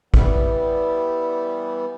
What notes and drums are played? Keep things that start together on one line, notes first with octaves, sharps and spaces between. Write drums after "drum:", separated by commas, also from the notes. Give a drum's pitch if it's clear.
E3 G3 B3, drum: kick